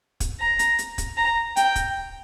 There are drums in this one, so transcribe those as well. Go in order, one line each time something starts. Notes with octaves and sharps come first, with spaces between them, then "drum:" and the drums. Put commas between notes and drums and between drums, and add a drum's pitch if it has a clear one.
drum: kick, hi-hat
A#5
drum: hi-hat
drum: hi-hat
drum: kick, hi-hat
A#5
G5, drum: hi-hat
drum: kick, hi-hat